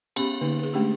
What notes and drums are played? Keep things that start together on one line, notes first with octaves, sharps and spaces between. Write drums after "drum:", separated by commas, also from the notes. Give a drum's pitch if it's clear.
B3 C#4 G4 B5, drum: cymbal
D3 A#3 D#4
G#4 B4
G#3 A3 C#4 D4 G4